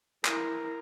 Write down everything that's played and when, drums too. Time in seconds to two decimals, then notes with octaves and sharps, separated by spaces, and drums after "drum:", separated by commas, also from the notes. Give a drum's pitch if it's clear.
0.25 E4 A#4, drum: clap